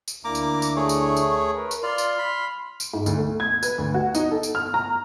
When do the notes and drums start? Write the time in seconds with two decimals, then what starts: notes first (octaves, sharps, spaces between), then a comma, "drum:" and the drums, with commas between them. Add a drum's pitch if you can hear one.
0.08 drum: tambourine
0.24 D2 A#3 D4 E4 A#5 D6
0.35 drum: tambourine
0.62 drum: tambourine
0.76 A3 G#4 C#5
0.89 drum: tambourine
1.17 drum: tambourine
1.53 A#4 B4
1.71 drum: tambourine
1.83 F4 D5 C6 F6
1.98 drum: tambourine
2.19 B5
2.80 drum: tambourine
2.94 G#2
3.06 D2, drum: tambourine
3.18 A3
3.40 G#6
3.63 B4, drum: tambourine
3.78 D2
3.94 F#4
4.15 D#4, drum: tambourine
4.31 A4
4.43 drum: tambourine
4.55 F6
4.74 A#5